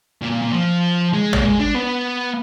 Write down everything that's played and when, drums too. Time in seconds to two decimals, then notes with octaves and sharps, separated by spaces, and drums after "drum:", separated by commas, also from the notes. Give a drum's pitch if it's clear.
0.22 A#2
0.32 A#2
0.42 A#2
0.52 F3
1.13 G#3
1.33 A#3, drum: tom
1.44 G#3
1.59 D4
1.75 B3